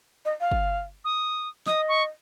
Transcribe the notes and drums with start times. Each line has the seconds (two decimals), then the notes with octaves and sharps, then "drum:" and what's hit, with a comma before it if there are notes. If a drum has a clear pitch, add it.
0.25 D#5
0.41 F5
0.52 drum: kick G1
1.05 D#6
1.66 D#5 D#6, drum: snare
1.88 C#6